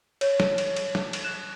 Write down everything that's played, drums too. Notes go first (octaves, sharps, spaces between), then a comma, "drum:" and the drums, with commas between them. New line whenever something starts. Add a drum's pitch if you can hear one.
C#5, drum: cymbal
drum: snare
drum: cymbal
drum: cymbal
drum: snare
drum: cymbal
F#6 E7